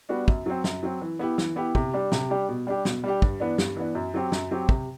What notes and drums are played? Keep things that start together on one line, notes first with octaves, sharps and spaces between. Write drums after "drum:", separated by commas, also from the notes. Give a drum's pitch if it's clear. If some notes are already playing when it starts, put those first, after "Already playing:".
G3 B3 D4 F#4
F#2, drum: kick
F#3 C4
F#2, drum: snare
F#3 C4
E3
B3 E4 G4
E3, drum: snare
B3 E4 G4
C3, drum: kick
G3 D4 G4
C3, drum: snare
G3 D4 G4
B2
G3 D4 G4
B2, drum: snare
G3 D4 G4
G2, drum: kick
E3 B3 D4
G2, drum: snare
E3 B3 D4
F#2
F#3 C4 G4
F#2, drum: snare
F#3 C4 G4
C3, drum: kick